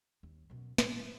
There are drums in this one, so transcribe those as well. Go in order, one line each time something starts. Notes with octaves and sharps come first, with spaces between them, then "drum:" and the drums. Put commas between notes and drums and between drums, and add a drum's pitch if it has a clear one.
D#2
F#2 B2
A#2 F#3, drum: snare